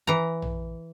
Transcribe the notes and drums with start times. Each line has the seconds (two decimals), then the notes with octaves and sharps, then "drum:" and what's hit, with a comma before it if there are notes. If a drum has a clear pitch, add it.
0.07 E3 A#5
0.42 drum: tom A#1